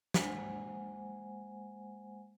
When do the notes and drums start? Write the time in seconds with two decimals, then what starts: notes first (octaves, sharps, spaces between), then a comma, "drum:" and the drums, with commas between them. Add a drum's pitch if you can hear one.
0.14 G#3 A#3 C5 F#5 G#5, drum: snare